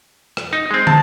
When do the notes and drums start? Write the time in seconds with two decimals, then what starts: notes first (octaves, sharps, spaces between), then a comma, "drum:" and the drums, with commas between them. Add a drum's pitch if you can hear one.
0.37 drum: rim click
0.53 D#4
0.71 G#3 C4
0.87 A5, drum: tom